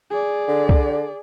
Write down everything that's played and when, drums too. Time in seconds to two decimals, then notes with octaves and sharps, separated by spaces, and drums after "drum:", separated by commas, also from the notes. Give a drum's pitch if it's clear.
0.10 G#4 D5
0.48 D3
0.69 drum: kick